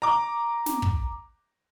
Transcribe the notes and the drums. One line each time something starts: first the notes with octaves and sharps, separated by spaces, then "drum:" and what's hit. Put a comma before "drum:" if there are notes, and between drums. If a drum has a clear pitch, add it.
A#5 D6
drum: snare
drum: kick